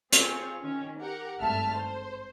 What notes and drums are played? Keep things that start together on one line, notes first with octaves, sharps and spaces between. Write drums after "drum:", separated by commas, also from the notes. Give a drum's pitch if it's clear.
C4 F4 G#4 C#5, drum: hi-hat
D#3 C#4
G4 A#4 F#5
G#1 G2 A3 E5 A5 F6
C5